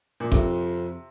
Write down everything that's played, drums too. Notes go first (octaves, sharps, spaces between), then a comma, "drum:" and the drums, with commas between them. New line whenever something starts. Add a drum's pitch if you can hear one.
A#2
F2 C3, drum: kick G1